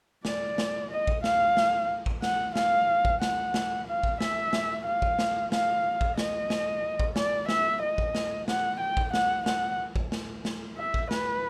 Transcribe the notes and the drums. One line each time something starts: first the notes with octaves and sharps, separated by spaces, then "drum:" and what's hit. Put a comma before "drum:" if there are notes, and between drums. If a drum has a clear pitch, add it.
D5, drum: snare
drum: snare
D#5
drum: kick A1
F5, drum: snare
drum: snare
drum: kick A1
F#5, drum: snare
F5, drum: snare
drum: kick A1
F#5, drum: snare
drum: snare
F5
drum: kick A1
E5, drum: snare
drum: snare
F5
drum: kick A1
drum: snare
F5, drum: snare
drum: kick A1
D#5, drum: snare
drum: snare
drum: kick A1
D5, drum: snare
E5, drum: snare
D#5
drum: kick A1
drum: snare
F#5, drum: snare
G5
drum: kick A1
F#5, drum: snare
F#5, drum: snare
drum: kick A1
drum: snare
drum: snare
E5
drum: kick A1
B4, drum: snare